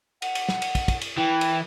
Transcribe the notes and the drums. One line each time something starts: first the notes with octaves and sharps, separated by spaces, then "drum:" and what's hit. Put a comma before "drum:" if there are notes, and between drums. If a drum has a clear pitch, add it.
F#5, drum: cymbal
drum: cymbal
drum: snare
drum: cymbal
drum: kick, cymbal
drum: kick, cymbal
drum: cymbal
E3 G5
drum: cymbal